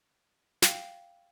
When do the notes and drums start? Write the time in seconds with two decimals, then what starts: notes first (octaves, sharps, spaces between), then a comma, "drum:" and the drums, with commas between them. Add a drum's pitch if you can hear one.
0.62 F5 G5 C7, drum: snare